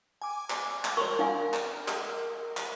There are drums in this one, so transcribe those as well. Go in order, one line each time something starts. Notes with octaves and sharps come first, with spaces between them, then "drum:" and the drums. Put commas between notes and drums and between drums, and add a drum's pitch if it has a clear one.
G#5 D6
drum: clap
drum: clap
A#4 D5 C6 C#6
D4 F5 G#5
drum: clap
drum: clap
drum: clap